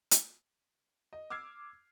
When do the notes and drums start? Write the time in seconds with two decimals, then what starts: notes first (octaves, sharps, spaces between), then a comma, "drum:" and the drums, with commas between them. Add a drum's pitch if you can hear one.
0.11 drum: hi-hat
1.13 D#5
1.30 D6 E6 F6 G#6 C7